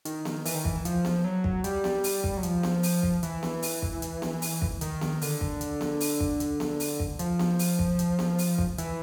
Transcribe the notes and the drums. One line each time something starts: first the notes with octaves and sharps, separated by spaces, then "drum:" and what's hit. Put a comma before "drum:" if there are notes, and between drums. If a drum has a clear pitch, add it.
D#3, drum: hi-hat
drum: snare B3
E3, drum: open hi-hat
D#3
E3, drum: kick
F3, drum: hi-hat
drum: snare B3
F#3
drum: kick
G3, drum: hi-hat
drum: snare B3
drum: open hi-hat
drum: kick
F#3
F3, drum: hi-hat
drum: snare B3
drum: open hi-hat
drum: kick
E3, drum: hi-hat
drum: snare B3
drum: open hi-hat
drum: kick
drum: hi-hat
drum: snare B3
drum: open hi-hat
drum: kick
D#3, drum: hi-hat
drum: snare B3
D3, drum: open hi-hat
drum: kick
drum: hi-hat
drum: snare B3
drum: open hi-hat
drum: kick
drum: hi-hat
drum: snare B3
drum: open hi-hat
drum: kick
F3, drum: hi-hat
drum: snare B3
drum: open hi-hat
drum: kick
drum: hi-hat
drum: snare B3
drum: open hi-hat
drum: kick
E3, drum: hi-hat